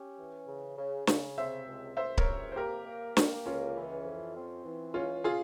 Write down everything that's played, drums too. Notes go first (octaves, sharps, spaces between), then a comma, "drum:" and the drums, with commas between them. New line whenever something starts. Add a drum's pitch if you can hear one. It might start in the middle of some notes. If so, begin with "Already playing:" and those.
Already playing: C#4 G4
E3
C#3
C#3
C#3, drum: snare
C3 C5 E5
C#2
C#2 C5 E5
A#4 C#5, drum: kick C#1
C3
C5
A#3 G4 A#4
A#3
A#3, drum: snare
C#2 C#4 F4
E3
F2
C4
E3
C#2 C#4 F4
F4 G#4